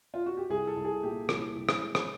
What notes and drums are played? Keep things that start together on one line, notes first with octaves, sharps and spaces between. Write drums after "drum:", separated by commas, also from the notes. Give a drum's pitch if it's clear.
F4
F#4
G4
C2 G#4
A4
C2
G#4
A#2 G4
C2, drum: rim click
C2
drum: rim click
G#3
drum: rim click